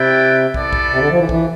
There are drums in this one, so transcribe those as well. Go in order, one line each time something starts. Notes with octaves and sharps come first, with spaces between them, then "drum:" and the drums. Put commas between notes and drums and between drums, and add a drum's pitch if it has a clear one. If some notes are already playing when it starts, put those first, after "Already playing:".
Already playing: C3 E4 B4 D5 G5
B3 E4 A4 D5, drum: kick
drum: kick
C3
D3
F3
E3
E3, drum: kick